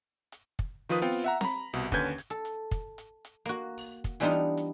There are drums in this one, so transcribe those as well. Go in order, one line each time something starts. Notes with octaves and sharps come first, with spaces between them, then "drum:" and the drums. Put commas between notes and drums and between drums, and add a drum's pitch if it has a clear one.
drum: hi-hat
drum: kick
D#3 F3 F4 B4 D#6
B3 C4 F4 G5
drum: hi-hat
E5 F#5 A#5
A#5 B5, drum: snare C4
C2 B2
D#2 D3 C#4 B4 G6 G#6, drum: kick, hi-hat
drum: hi-hat
A4
drum: hi-hat
drum: kick, hi-hat
drum: hi-hat
drum: hi-hat
A#3 F#4
drum: open hi-hat
drum: kick, hi-hat
E3 G3 B3 D4 D#4 F4
drum: hi-hat
drum: hi-hat